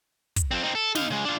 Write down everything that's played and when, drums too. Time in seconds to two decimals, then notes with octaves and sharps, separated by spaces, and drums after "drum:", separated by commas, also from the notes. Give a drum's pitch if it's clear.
0.36 drum: kick, hi-hat
0.51 F2 C4
0.63 C4 D#4
0.75 A4
0.95 D#4 F5, drum: snare
1.10 C#3 G#3
1.25 D4 F4